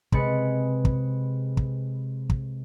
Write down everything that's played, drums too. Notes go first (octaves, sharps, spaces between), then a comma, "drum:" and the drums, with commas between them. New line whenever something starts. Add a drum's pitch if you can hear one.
C3 G#3 B4 A6 C#7, drum: kick
drum: kick
drum: kick
drum: kick